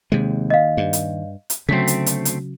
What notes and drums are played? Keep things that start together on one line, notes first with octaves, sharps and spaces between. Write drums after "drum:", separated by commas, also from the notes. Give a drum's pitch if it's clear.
D#2 C3 G#3
D#5 F5
G2
drum: hi-hat
drum: hi-hat
D2 C#3 F#3 A3 C4 B6
drum: hi-hat
drum: hi-hat
drum: hi-hat